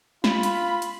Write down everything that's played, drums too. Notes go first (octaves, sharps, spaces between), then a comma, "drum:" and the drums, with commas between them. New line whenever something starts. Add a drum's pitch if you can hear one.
F4 B5, drum: snare
drum: hi-hat
drum: hi-hat